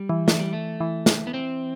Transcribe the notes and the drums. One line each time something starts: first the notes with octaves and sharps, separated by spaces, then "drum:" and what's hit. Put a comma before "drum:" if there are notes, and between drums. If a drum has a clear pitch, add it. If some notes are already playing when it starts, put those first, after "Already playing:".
Already playing: G3
E3
A3, drum: snare
G3
A3
E3
drum: snare
B3
C4